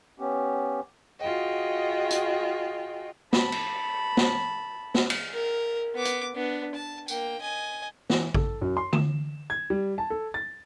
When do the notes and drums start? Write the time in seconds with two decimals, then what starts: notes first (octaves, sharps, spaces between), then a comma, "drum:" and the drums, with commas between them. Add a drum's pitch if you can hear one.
0.20 B3 C#4 G4
1.20 F4 F#4 G#4 D#5 G5
2.10 drum: hi-hat
3.33 A5 B5, drum: snare
3.52 drum: cymbal
4.17 drum: snare
4.94 drum: snare
5.10 drum: cymbal
5.32 A#4
5.95 B3 D6
6.05 drum: hi-hat
6.35 B3 D4
6.75 A5
7.08 A#3 G5, drum: tambourine
7.41 D#5 G#5
8.10 E3, drum: snare
8.34 A4, drum: kick A1
8.61 F#2
8.77 C6
8.93 E7, drum: tom D3
9.50 G#6
9.70 G3
9.98 A5
10.10 A4
10.34 A6